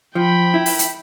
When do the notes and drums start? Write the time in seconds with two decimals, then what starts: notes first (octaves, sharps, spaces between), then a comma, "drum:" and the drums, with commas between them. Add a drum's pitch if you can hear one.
0.15 F3 G5 B5
0.54 E4
0.66 drum: open hi-hat
0.79 drum: hi-hat